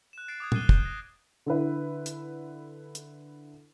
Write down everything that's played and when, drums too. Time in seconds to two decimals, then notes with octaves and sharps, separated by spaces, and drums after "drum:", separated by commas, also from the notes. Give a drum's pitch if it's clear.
0.13 F#6 E7
0.28 A6 C7 D7
0.40 D6 D#6 G#6
0.52 F#6 A6 C7 D#7 G7, drum: tom A#2
0.69 G6, drum: kick
0.85 A#6
1.46 D3 E4 B4
2.06 drum: hi-hat
2.95 drum: hi-hat